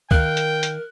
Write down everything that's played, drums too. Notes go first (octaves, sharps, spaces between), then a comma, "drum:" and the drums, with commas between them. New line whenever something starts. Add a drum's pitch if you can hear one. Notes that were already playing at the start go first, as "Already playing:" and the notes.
D#3 A#4 F5 G5 F#6, drum: kick C#2
drum: hi-hat
drum: hi-hat